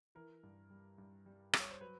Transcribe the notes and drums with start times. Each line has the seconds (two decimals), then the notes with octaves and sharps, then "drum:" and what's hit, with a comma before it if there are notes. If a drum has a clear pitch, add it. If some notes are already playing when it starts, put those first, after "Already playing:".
0.15 E3 A#4
0.43 G2
0.70 G3
0.98 G2
1.26 G3
1.53 G3, drum: rim click
1.60 C#5
1.71 C5
1.81 F#3 B4